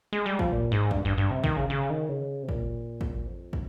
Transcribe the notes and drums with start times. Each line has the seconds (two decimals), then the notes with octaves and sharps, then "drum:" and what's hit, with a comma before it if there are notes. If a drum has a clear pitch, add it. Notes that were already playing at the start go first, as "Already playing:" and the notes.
0.13 G#3
0.26 G3
0.39 F3, drum: kick
0.52 A#2
0.72 G#2
0.91 G2, drum: kick
1.05 G2
1.18 G2
1.31 C3
1.44 D#3, drum: kick
1.57 C#3
1.70 C#3
1.90 D#3
2.09 C#3
2.43 C3
2.49 A#2, drum: kick
3.01 drum: kick
3.27 F2
3.53 drum: kick